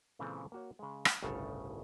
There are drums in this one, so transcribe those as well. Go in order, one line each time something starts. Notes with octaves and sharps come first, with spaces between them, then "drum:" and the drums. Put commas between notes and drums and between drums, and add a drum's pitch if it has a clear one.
A#2 C#3 E3 G#3 C4 A4
A#3 F#4 C#5
C#3 G#3
drum: rim click
G1 C2 A2 C#3 A4 F5